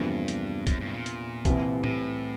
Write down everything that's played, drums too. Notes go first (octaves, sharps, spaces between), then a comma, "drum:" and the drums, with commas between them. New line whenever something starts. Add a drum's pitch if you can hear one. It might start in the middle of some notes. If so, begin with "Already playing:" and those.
Already playing: E2 G2 C3 F3 A#3 D4
drum: hi-hat
F#2, drum: kick, hi-hat
G2
A2
A#2
drum: hi-hat
C2 C3 E3, drum: kick, hi-hat
A2, drum: tom